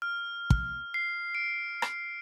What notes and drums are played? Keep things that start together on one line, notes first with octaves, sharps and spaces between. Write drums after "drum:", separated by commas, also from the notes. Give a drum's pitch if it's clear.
F6
drum: kick
C7
D7
drum: rim click